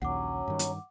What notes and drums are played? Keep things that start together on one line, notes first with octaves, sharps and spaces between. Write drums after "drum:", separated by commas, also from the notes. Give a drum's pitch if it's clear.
A#1 D#2 F#3 C#4 F#5 D6
G2 D#3
drum: hi-hat